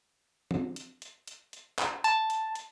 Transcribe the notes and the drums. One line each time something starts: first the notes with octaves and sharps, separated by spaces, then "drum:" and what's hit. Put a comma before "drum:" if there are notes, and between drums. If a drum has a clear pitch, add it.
drum: tom E3
drum: hi-hat
drum: hi-hat
drum: hi-hat
drum: hi-hat
drum: clap
A5, drum: hi-hat
drum: hi-hat
drum: hi-hat